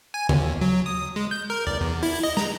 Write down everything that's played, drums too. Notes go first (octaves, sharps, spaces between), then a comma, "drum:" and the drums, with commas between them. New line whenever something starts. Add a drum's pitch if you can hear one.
G#5
D#2, drum: tom C#3
F#3
D#6
G#3
G6
A#4
D5, drum: tom E2
E2
E4, drum: open hi-hat
D#5
A#5, drum: snare